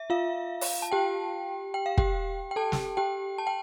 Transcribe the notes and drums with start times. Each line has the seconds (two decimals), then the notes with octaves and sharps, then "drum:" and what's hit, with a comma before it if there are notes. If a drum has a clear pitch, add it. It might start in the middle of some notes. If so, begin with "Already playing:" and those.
Already playing: E5
0.10 F4 F5
0.61 drum: open hi-hat
0.82 A5
0.92 G4 G5
1.74 G5
1.86 F5
1.98 G4 G5, drum: kick
2.51 G5
2.56 A4 A5
2.72 drum: snare
2.97 G4 G5
3.38 A5
3.47 G5